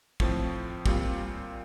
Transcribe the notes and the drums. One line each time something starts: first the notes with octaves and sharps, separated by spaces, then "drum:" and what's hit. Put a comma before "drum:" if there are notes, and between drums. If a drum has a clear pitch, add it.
A2 F3 C4, drum: kick
A#2 G3 C4 F4, drum: kick